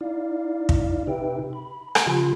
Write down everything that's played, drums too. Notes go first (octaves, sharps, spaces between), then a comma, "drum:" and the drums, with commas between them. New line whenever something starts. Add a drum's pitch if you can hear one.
D#4 E4 D5 F5
drum: kick
C3 D#4 G4 B4 E5 G5
B5
drum: rim click
C#3 F3 F4 G4 B5 C6